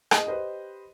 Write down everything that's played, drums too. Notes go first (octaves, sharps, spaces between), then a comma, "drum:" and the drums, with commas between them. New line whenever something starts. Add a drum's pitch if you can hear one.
E4 G#4 D#5, drum: rim click
G4 B4 C5 D#5